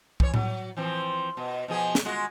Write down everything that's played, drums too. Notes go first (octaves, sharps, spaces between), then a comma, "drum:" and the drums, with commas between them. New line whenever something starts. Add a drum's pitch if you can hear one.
E3 C#5, drum: kick
F#3, drum: tom A2
E3 F3 C4
B2
B2 F3 G#4
drum: snare
G#3 F4 F#4